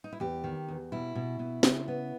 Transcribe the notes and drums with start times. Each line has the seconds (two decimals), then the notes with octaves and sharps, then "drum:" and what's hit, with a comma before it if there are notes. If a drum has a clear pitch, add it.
0.04 D#4
0.12 E4
0.20 E2 G4
0.44 D#3
0.68 E2
0.92 B2 E4
1.15 B2
1.39 B2
1.63 C#3, drum: snare
1.88 B3